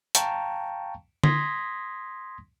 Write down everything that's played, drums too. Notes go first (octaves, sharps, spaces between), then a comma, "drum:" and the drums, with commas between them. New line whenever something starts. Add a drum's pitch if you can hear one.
F5 G5 A5 A#5 C#6, drum: hi-hat
C6 D#6 G#6 A#6 B6, drum: tom D3